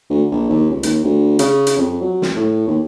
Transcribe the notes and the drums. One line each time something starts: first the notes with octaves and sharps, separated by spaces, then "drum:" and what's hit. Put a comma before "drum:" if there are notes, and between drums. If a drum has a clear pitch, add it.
D2
A#1
D#2
C#2
D#2, drum: hi-hat
D2
C#3, drum: hi-hat
drum: hi-hat
F2
F#3
drum: snare
A2
D#2